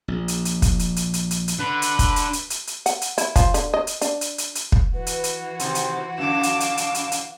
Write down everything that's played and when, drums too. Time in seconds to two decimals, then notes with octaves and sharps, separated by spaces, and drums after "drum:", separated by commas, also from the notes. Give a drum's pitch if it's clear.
0.08 A#1
0.28 drum: hi-hat
0.45 drum: hi-hat
0.62 drum: kick, hi-hat
0.79 drum: hi-hat
0.96 drum: hi-hat
1.13 drum: hi-hat
1.31 drum: hi-hat
1.48 drum: hi-hat
1.60 D3 B4
1.82 drum: hi-hat
1.99 drum: kick, hi-hat
2.16 drum: hi-hat
2.33 drum: hi-hat
2.50 drum: hi-hat
2.67 drum: hi-hat
2.86 F#5, drum: hi-hat
3.01 drum: hi-hat
3.18 E4, drum: hi-hat
3.36 F3, drum: kick, hi-hat
3.54 D3, drum: hi-hat
3.74 D#5
3.87 drum: hi-hat
4.01 D4, drum: hi-hat
4.21 drum: hi-hat
4.38 drum: hi-hat
4.55 drum: hi-hat
4.72 drum: kick
4.94 E3 F#4 B4
5.07 drum: hi-hat
5.24 drum: hi-hat
5.59 C3 D#3 C6, drum: hi-hat
5.75 drum: hi-hat
6.18 F#2 B2 D3 F5 D6 E7
6.43 drum: hi-hat
6.60 drum: hi-hat
6.77 drum: hi-hat
6.94 drum: hi-hat
7.12 drum: hi-hat